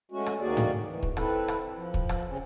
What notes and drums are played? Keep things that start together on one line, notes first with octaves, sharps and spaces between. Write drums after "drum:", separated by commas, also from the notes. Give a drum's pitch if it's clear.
G#3 A3 C#4 F#4
drum: rim click
D2 D#3 A#3 F#4 G#4 D5
drum: tom G#2
E3
drum: kick
C4 E4 A4 B4, drum: rim click
drum: rim click
F3
drum: kick
drum: rim click
C#3 C4 C#4